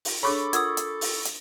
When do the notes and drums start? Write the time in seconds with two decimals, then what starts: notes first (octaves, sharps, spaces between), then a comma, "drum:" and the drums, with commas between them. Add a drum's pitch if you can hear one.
0.05 drum: open hi-hat
0.23 D4 G#4 A4 C#5 B5 C#6 D6
0.53 F4 A#4 F#5 D#6 E6 G#6, drum: hi-hat
0.77 drum: hi-hat
1.01 drum: open hi-hat
1.25 drum: hi-hat